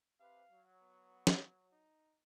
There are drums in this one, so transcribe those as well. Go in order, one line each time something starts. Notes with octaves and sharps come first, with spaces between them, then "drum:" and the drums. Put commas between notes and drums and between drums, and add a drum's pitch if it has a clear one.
C3 B4 F5
F#3
B3
drum: snare
D#4